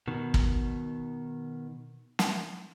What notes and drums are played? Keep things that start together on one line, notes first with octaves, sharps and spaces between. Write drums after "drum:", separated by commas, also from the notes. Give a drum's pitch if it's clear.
B2 D#3
drum: kick
drum: snare